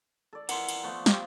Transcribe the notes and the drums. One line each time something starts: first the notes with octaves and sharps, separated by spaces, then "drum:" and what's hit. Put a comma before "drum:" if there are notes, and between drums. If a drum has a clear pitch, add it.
A4 D5
F2 E3 A#4 F#5 C6, drum: cymbal
drum: cymbal
F3 A3 B3
G4, drum: snare